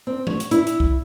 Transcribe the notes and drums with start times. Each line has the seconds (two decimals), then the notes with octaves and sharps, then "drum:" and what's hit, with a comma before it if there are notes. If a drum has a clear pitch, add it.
0.07 C4
0.27 C#5, drum: tom E3
0.40 drum: hi-hat
0.51 E4, drum: hi-hat
0.67 drum: hi-hat
0.80 drum: kick C2